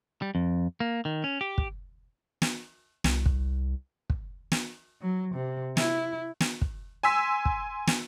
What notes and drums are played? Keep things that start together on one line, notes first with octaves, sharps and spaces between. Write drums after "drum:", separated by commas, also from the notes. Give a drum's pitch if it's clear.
G3
F2
A#3
D#3
C#4
G4
drum: kick
drum: snare
C2, drum: snare
drum: kick
drum: kick
drum: snare
F#3
C3
E4, drum: snare
drum: snare
drum: kick
G#5 C6 E6 B6
drum: kick
drum: snare